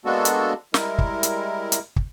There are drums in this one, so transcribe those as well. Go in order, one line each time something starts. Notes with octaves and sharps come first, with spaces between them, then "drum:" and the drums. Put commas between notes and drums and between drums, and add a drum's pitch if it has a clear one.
G#3 A#3 B3 D4 F#4 A4
drum: hi-hat
G3 G#3 E4 A#4, drum: snare
drum: kick
drum: hi-hat
drum: hi-hat
drum: kick